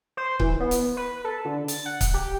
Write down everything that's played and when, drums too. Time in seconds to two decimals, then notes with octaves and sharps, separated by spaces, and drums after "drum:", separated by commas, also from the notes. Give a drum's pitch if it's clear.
0.17 C5
0.40 E3, drum: kick C#1
0.60 B3
0.71 drum: hi-hat
0.97 B4
1.24 A4
1.45 D3
1.68 A6, drum: hi-hat
1.86 F#5
2.01 drum: kick C#1, hi-hat
2.14 G4